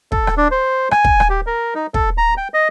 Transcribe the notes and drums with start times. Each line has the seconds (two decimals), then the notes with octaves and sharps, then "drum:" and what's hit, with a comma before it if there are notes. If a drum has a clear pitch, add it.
0.12 A4, drum: kick
0.27 drum: rim click
0.37 D4
0.51 C5
0.91 G#5, drum: rim click
1.04 drum: kick
1.20 drum: rim click
1.30 G4
1.46 A#4
1.75 D#4
1.94 A4, drum: kick
2.18 A#5
2.37 G5
2.54 D#5